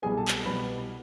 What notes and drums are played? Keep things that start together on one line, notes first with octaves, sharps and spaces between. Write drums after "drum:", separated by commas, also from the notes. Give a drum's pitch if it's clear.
C2 B2 G3 B3 G#4 G#5
A4 A5
drum: clap
C2 B2 G3 B3 B4 B5